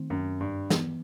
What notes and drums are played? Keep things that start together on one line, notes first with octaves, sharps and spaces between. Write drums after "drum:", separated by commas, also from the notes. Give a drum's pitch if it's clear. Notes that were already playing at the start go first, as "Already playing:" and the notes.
Already playing: D#3 A3 C4
F#2
G2
E3 B3, drum: snare